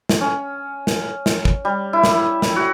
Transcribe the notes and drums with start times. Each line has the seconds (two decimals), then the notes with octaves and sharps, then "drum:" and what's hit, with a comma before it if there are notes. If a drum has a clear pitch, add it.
0.09 drum: snare
0.21 C#4
0.87 drum: snare
1.26 drum: snare
1.45 drum: kick
1.65 G3
1.93 E4
2.04 drum: snare
2.42 drum: snare
2.56 F#4